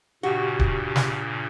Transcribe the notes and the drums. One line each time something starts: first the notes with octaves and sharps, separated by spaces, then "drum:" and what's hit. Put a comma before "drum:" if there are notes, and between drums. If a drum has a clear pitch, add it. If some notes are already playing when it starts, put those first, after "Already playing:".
G2 A#2 C#3 F#4 G4
drum: kick D1
drum: snare